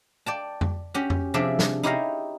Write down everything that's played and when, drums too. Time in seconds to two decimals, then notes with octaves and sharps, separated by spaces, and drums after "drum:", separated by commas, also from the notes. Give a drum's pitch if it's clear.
0.26 D5 G5 A5
0.61 drum: tom F2
0.94 C#4 F#4 G4
1.10 drum: tom F2
1.34 C3 F3 D4 G#4 D5 E5
1.59 drum: snare
1.83 D#4 E4 G4 C#5 F5 A#5